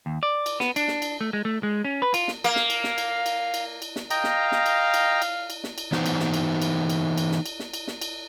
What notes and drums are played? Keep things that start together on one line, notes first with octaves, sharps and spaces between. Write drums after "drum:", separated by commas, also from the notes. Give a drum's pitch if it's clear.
D#2
D5
drum: cymbal
B3, drum: snare
D4, drum: cymbal
drum: snare
drum: cymbal
A3
G#3
A3
G#3
C#4
B4
F4, drum: cymbal
drum: snare
A#3 F5, drum: cymbal
drum: snare
drum: cymbal
drum: snare
drum: cymbal
drum: cymbal
drum: cymbal
drum: cymbal
drum: snare
D#5 F5 G5 A#5, drum: cymbal
drum: snare
drum: snare
drum: cymbal
drum: cymbal
drum: cymbal
drum: cymbal
drum: snare
drum: cymbal
E3 B3 D#4 C5, drum: snare
drum: cymbal
drum: snare
drum: cymbal
drum: cymbal
drum: cymbal
drum: cymbal
drum: snare
drum: cymbal
drum: snare
drum: cymbal
drum: snare
drum: cymbal